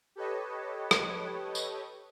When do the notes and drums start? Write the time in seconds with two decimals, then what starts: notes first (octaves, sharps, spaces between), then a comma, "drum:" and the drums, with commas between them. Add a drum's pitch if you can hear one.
0.16 G4 A4 B4 C#5 D#5
0.91 drum: rim click
1.55 drum: tambourine